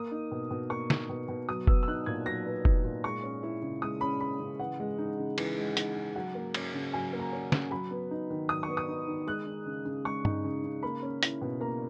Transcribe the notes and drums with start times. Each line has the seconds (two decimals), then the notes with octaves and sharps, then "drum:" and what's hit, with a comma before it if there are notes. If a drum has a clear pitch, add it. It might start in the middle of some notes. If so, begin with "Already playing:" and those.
Already playing: A#3 D#6
0.11 D#4
0.31 B2
0.51 B2
0.70 A#3 C#6
0.90 D#4, drum: snare
1.09 B2
1.28 B2
1.49 F#3 D#6
1.67 B3 E6, drum: kick F1
1.83 E6
1.87 D#4 F#6
2.06 A#2 G#6
2.26 F#3 A#6
2.46 B3
2.65 D#4, drum: kick F1
2.84 A#2
3.04 G#3 C#6
3.23 C#4
3.43 E4
3.62 C#3
3.82 G#3 D#6
4.01 C#4 B5
4.20 E4 B5
4.40 C#3
4.59 E3 F#5
4.80 G#3
4.98 D#4
5.18 C#3
5.38 E3, drum: cymbal
5.58 G#3
5.77 D#4, drum: hi-hat
5.96 C#3
6.16 F#3 F#5
6.35 A#3
6.54 C#4, drum: cymbal
6.74 C#3
6.93 F#3 G#5
7.13 A#3
7.19 A#5
7.32 C#4
7.52 C#3, drum: snare
7.71 F#3 B5
7.91 B3
8.11 D#4
8.30 D#3
8.49 F#3 D#6
8.63 C#6
8.69 B3
8.77 D#6
8.88 D#4
9.07 D#3
9.27 G#3 F#6
9.46 D#4
9.66 C#3
9.85 C#3
10.05 G#3 C#6
10.25 D#4, drum: tom G2
10.44 C#3
10.64 C#3
10.83 A#3 B5
11.03 C#4
11.23 E4, drum: hi-hat
11.42 B2
11.60 A#3 A#5